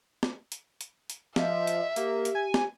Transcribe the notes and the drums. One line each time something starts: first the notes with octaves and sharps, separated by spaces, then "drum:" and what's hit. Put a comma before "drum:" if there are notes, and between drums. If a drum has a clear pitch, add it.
drum: snare
drum: hi-hat
drum: hi-hat
drum: hi-hat
F3 D#5 E5, drum: snare
drum: hi-hat
A#3 G4, drum: hi-hat
drum: hi-hat
G#5
drum: snare